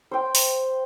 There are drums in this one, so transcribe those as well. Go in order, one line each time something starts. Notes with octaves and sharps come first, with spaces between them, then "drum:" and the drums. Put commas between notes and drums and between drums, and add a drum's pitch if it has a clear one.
C5 G5
drum: open hi-hat